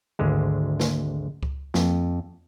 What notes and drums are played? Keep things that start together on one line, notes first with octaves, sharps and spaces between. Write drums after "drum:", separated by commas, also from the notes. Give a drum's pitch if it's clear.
G#1 D2 D3 G#3
drum: snare
drum: kick C#2
F2, drum: snare